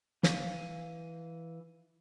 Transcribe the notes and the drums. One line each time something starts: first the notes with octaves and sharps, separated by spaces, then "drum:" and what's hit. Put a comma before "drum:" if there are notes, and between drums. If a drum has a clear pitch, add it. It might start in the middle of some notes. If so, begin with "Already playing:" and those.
E3 F5 G#5, drum: snare